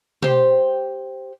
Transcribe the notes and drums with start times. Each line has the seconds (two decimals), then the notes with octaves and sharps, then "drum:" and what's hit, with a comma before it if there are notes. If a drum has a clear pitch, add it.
0.22 G4 C5, drum: tom B2